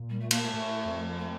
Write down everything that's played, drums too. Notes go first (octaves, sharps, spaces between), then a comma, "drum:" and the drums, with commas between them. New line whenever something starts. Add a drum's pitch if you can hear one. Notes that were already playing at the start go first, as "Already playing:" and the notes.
Already playing: A#2
G3
A3
A#3, drum: cymbal
A3
A2 A3
F2
A3